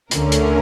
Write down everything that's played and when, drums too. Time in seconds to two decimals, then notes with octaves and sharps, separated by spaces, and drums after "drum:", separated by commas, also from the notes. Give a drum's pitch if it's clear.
0.11 D2 D3 A3 C#4 A#4, drum: hi-hat
0.32 drum: hi-hat